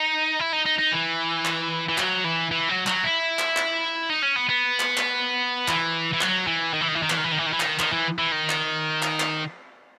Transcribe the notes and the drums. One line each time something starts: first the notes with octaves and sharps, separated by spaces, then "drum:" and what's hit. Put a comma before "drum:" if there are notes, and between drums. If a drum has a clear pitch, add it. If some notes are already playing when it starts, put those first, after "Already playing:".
Already playing: D#4
E4
D#4
D#4
D#4
E3
drum: clap
E3
F#3, drum: clap
E3
E3
F#3
F#3, drum: clap
E4
drum: clap
drum: clap
D#4
C#4
B3
B3
drum: clap
drum: clap
E3, drum: clap
E3
F#3, drum: clap
E3
D#3
E3
D#3
E3
D#3
E3, drum: clap
D#3
E3
D#3
E3
D#3
E3
D#3, drum: clap
D#3, drum: clap
E3
E3
D#3
drum: clap
drum: clap
drum: clap